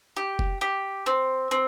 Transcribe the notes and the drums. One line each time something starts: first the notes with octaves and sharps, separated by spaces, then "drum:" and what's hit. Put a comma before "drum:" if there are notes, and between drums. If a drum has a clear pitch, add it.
G4
drum: kick F1
G4
C4
C4